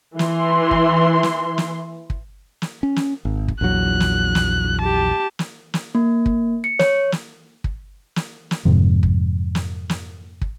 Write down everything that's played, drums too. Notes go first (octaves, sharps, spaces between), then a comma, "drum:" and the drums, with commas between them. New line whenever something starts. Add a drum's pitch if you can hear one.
E3 C6, drum: snare
drum: kick
drum: snare
drum: snare
drum: kick
drum: snare
C#4
drum: snare
G#1
drum: kick
A#1 E2 F#3 F#6
drum: snare
drum: snare
G4 A5
drum: snare
drum: snare
A#3
drum: kick
C#7
C#5, drum: snare
drum: snare
drum: kick
drum: snare
drum: snare
F2 G#2 C3 F3
drum: kick
drum: snare
drum: snare
drum: kick